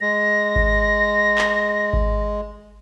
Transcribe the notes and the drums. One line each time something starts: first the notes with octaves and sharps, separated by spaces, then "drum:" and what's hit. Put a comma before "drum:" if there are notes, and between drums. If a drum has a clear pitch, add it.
G#3 A#6
drum: kick G#1
drum: clap
drum: kick G#1